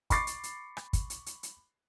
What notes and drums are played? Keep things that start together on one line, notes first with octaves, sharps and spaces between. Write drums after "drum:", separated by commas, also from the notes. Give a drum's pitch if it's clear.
B5 C#6 D6 A6 C7, drum: kick, hi-hat
drum: hi-hat
drum: hi-hat
drum: rim click
drum: kick, hi-hat
drum: hi-hat
drum: hi-hat
drum: hi-hat